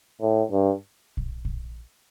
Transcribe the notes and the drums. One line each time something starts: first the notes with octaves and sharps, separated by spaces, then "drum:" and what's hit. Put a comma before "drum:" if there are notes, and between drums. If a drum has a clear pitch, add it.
A2
G2
drum: kick A#1
drum: kick A#1